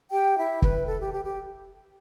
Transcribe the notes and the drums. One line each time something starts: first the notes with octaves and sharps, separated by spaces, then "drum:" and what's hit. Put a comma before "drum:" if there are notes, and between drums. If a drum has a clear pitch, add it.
G4 G5
E4 E5
B4, drum: kick
A4
G4
G4
G4